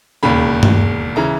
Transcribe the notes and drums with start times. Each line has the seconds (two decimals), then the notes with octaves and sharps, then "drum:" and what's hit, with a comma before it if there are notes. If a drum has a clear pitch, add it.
0.23 E1 D#2 C#3 B5
0.63 drum: tom G2
1.16 C#3 E3 A#5